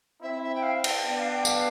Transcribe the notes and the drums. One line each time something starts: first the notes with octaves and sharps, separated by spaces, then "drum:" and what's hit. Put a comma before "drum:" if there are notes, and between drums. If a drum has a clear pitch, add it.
C4 E4 E5
E5
G5
F5
G5, drum: cymbal
B3 D4
F5
G5
F5, drum: tambourine